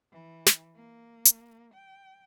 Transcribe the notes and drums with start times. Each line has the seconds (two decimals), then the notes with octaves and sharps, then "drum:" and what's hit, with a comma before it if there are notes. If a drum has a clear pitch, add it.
0.12 E3
0.46 drum: snare
0.76 A#3
1.25 drum: hi-hat
1.74 G5